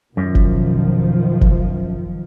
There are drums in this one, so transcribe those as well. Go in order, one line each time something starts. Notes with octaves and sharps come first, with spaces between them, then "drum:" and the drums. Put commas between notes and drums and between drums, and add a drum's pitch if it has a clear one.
F#2 B2 D#3 F3
drum: kick
drum: kick